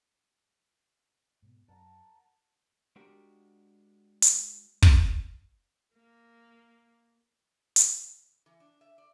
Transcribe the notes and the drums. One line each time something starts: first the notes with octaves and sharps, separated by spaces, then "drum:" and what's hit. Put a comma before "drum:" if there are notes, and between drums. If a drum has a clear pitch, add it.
G#2 B2
F#2 A#4 F#5 A5
G#3 D4 F#4 G4 A#4
drum: hi-hat
drum: kick
A#3
drum: hi-hat
E3
D4
E5
D5